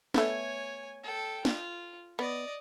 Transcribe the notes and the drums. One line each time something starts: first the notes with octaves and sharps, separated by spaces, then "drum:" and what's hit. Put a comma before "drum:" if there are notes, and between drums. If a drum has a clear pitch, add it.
A3 B3 C#5 G#5, drum: snare
A4 G5
F4, drum: snare
B3 D5 D#5